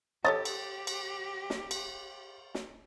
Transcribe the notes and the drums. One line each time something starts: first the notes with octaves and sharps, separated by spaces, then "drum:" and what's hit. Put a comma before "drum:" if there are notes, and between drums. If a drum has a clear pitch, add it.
G4 A4 C#5 D#5 A6
drum: cymbal
drum: cymbal
drum: snare
drum: cymbal
drum: snare